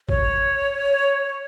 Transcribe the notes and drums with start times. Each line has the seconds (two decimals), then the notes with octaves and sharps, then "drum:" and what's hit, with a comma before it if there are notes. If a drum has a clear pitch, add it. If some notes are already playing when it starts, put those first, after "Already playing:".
0.09 C#5, drum: kick G#1